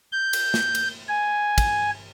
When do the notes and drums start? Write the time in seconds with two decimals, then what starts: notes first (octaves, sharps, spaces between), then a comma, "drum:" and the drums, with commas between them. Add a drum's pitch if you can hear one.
0.12 G6
0.33 drum: cymbal
0.54 drum: snare
0.75 drum: cymbal
1.09 G#5
1.58 drum: kick, cymbal